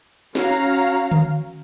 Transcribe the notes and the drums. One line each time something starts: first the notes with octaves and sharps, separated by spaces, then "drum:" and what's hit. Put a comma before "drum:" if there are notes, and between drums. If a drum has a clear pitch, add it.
C#4 F#4 F5 A#5, drum: snare
drum: tom D3